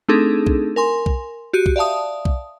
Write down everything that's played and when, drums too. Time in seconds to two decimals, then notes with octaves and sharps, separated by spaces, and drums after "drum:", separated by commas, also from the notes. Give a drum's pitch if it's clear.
0.09 A3 C4 D4 D#4 G#4 A4
0.46 drum: kick B1
0.76 A#4 G#5 C6
1.06 drum: kick B1
1.53 F#4 G4 F#6 D#7
1.66 drum: kick B1
1.76 D5 E5 F5 A5 D#6
2.25 drum: kick B1